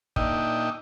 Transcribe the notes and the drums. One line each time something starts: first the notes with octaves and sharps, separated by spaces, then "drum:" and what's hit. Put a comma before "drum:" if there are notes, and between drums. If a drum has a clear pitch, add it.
A#2 D4 D#4 D#5 E5 G5, drum: kick